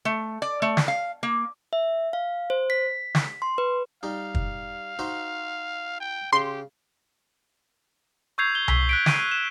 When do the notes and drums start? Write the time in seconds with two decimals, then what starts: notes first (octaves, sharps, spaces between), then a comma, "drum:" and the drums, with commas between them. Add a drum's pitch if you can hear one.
0.05 A3
0.42 D5
0.62 A3
0.77 drum: snare
0.88 F5
1.23 A#3
1.73 E5
2.13 F5
2.50 C5
2.70 B6
3.15 drum: snare
3.42 C6
3.58 B4
4.03 G3 D#4 F5
4.35 drum: kick
4.99 D#4 F#4 C5
6.00 G5
6.33 C#3 G4 C6
8.38 C#6 E6 G6 G#6 C7 F7
8.55 G7
8.68 E6 B6 G7, drum: tom C2
8.89 F#6 B6 D7
9.06 G6 D#7, drum: snare
9.31 E7